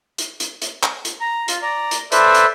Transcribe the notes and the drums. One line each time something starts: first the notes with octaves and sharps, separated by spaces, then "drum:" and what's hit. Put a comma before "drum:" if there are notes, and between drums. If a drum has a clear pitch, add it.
drum: hi-hat
drum: hi-hat
drum: hi-hat
drum: clap
drum: hi-hat
A#5
F4, drum: hi-hat
D5 A#5
drum: hi-hat
A4 B4 C5 D5 E5, drum: hi-hat
drum: hi-hat